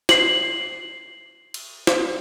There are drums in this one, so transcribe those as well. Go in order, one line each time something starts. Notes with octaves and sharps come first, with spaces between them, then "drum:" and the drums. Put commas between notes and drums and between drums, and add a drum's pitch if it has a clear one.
C7 F#7, drum: snare
drum: cymbal
drum: snare